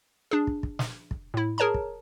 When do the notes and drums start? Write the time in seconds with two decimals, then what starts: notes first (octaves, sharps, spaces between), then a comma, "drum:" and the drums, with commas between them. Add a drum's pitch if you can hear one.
0.31 D4 G#4
0.47 drum: kick
0.63 drum: kick
0.79 drum: snare
1.11 drum: kick
1.34 A2 E4
1.58 G#4 A#4 C#5 A5 A#5
1.74 drum: kick